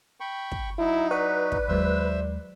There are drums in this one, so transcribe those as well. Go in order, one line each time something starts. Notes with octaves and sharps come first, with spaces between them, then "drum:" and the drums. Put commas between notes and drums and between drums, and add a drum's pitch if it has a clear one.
G5 B5 C#6
drum: kick
F#3 D#4 E4
B4 D5 F#5 C#6
drum: kick
D#2 F#3 G#3 C5 E5 E6